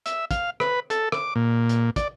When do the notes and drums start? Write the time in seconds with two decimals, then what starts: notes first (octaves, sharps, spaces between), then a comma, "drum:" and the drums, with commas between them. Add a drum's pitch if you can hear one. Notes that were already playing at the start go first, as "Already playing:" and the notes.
0.06 E5, drum: hi-hat
0.31 F5, drum: kick, hi-hat
0.60 B4, drum: rim click
0.90 A4, drum: hi-hat
1.12 D6, drum: rim click
1.35 A#2
1.69 drum: hi-hat
1.96 D5, drum: kick, hi-hat